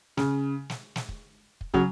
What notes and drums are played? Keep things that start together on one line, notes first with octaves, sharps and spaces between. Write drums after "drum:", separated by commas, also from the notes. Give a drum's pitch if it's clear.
C#3, drum: snare
drum: snare
drum: snare
drum: kick
drum: kick
C#3 F#3, drum: kick